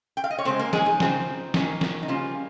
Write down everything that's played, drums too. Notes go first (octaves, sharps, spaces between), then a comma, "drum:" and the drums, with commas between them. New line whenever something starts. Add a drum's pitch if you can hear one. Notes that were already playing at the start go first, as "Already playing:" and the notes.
G5
F5
D#5
C#5
C#3 G#3 C4 C#4 C5
A#3 A#4
G#3 G#4, drum: snare
D#4
C#3 F3 C4, drum: snare
D#3 A#3 C#4, drum: snare
drum: snare
D#4
C#3 F3 G3 A#3 C#4 F4